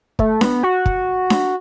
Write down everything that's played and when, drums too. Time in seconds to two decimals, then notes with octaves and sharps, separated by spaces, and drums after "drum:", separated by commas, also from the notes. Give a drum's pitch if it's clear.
0.19 A3, drum: kick
0.41 B3, drum: snare D4
0.63 F#4
0.86 drum: kick
1.30 drum: snare D4